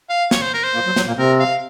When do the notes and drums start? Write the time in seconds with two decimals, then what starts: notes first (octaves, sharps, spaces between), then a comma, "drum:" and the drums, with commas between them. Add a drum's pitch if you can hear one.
0.09 F5
0.31 C#5, drum: snare
0.42 C5
0.54 A#4
0.64 C5
0.74 A#2 A#3
0.86 F#3
0.96 F#3, drum: snare
1.07 A#2 A#3
1.18 C3 C4 A#4
1.40 F5